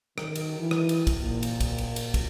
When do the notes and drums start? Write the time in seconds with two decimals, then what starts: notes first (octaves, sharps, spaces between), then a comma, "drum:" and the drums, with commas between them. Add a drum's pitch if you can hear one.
0.18 D#3, drum: rim click
0.35 drum: cymbal
0.58 E3
0.71 drum: rim click
0.89 drum: cymbal
1.07 drum: kick, cymbal
1.22 A#2
1.43 drum: cymbal
1.61 drum: kick, cymbal
1.78 drum: cymbal
1.96 drum: cymbal
2.14 drum: kick, cymbal